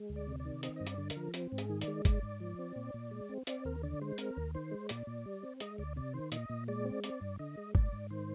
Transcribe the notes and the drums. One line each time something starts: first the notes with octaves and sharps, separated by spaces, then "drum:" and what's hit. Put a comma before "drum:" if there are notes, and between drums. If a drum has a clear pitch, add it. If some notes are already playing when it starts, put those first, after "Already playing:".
Already playing: G#3
D2
D5
C3
D5
D#3
C4 D#5, drum: hi-hat
G2 D#5
D5, drum: hi-hat
D3
A#4, drum: hi-hat
F3
C4, drum: hi-hat
G#2
G#4, drum: hi-hat
D#3
D5, drum: hi-hat
G#3
G#2 D5, drum: kick G1, hi-hat
G#2
F3
C4
A#2
A#2
G#3
C4
C4 D5, drum: hi-hat
D#2 A#4
D3 D5
G#3 C5
C4 A#4, drum: hi-hat
D#2
D#3 C5
G#3
A#2 D5, drum: hi-hat
A#2
G3
C4
G#3 D#5, drum: hi-hat
D2 D5
C3 D5
D#3 C5
A#2 D#5, drum: hi-hat
A#2
G#3 D5
C4
C4 D5, drum: hi-hat
G2
D3 D#5
G#3
G#2 D5, drum: kick G1
G#2
D#3 C5